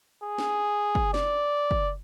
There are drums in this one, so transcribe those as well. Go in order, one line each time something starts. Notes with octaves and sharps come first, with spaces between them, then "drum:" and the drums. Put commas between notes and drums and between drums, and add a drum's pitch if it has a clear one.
G#4
drum: snare
drum: kick
D5, drum: snare
drum: kick